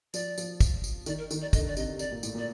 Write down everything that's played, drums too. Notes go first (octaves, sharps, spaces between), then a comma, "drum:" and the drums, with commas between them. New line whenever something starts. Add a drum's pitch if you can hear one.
F3 D5, drum: tambourine
F3, drum: tambourine
drum: kick, tambourine
drum: tambourine
D#3 D5, drum: tambourine
A#4
D#3, drum: tambourine
D5
D3 D#5, drum: kick, tambourine
D5
C3 D#5, drum: tambourine
D5, drum: tambourine
A#2
A2, drum: tambourine
A#2 D5